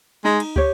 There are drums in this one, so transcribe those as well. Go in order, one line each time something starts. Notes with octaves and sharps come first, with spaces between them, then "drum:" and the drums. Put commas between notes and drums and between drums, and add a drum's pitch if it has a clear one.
G#3 D#4
drum: cymbal
G4 C#5, drum: kick